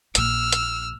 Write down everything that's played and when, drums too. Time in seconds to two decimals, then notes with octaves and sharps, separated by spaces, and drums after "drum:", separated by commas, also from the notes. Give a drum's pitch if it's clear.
0.15 A#1 A#2 E6 F6, drum: hi-hat
0.52 drum: hi-hat